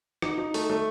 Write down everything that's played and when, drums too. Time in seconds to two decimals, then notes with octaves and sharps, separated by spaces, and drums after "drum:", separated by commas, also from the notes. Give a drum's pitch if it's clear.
0.22 D#4, drum: rim click
0.38 D#4
0.54 A3, drum: open hi-hat
0.70 A3